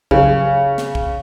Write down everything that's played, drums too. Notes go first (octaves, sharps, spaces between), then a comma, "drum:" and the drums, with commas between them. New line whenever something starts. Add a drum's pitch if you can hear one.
C#3, drum: kick
drum: snare
drum: kick